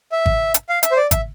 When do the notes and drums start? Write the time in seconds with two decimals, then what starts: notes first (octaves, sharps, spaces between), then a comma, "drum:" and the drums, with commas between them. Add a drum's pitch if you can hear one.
0.12 E5
0.26 drum: kick G#1
0.54 drum: hi-hat
0.69 F5
0.83 E5, drum: hi-hat
0.91 C5
0.97 D5
1.11 E5, drum: kick G#1, hi-hat